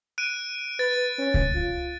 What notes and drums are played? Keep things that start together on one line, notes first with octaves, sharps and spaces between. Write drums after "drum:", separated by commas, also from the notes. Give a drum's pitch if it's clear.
F#6 D7 D#7
B4 A6
C#4
drum: kick C#2
F4